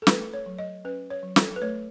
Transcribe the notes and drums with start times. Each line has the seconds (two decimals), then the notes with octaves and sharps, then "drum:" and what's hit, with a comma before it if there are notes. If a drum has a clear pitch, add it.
0.02 A4
0.07 A3 B4, drum: snare
0.34 C#5
0.46 F#3
0.59 D#5
0.85 C#4 B4
1.10 C#5
1.23 F#3
1.36 A4, drum: snare
1.56 B4
1.62 A3 C#5